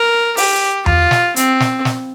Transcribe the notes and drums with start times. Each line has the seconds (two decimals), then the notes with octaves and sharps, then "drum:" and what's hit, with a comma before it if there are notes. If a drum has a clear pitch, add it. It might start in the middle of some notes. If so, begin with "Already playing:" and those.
Already playing: A#4
0.37 G4, drum: open hi-hat
0.86 F4, drum: tom E2
1.11 drum: snare
1.36 C4, drum: hi-hat
1.60 drum: snare
1.85 drum: snare